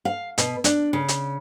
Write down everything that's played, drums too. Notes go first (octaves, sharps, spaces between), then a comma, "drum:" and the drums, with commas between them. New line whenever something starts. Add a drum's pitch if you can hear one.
F5
B2, drum: hi-hat
D4, drum: hi-hat
C#3
drum: hi-hat